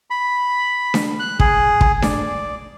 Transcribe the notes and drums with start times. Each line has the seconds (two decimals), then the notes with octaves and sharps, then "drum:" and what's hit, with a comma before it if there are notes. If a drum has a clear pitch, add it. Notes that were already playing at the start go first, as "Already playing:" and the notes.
0.10 B5
0.94 drum: snare D4
1.19 F#6
1.40 G#4, drum: kick
1.81 drum: kick
2.02 D5, drum: snare D4